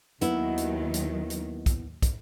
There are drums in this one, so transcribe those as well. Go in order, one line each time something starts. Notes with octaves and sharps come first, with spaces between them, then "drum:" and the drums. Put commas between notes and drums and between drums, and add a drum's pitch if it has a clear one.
D#2 D#3 F#3 B3 E4, drum: hi-hat
drum: hi-hat
drum: hi-hat
drum: hi-hat
drum: kick, hi-hat
drum: kick, hi-hat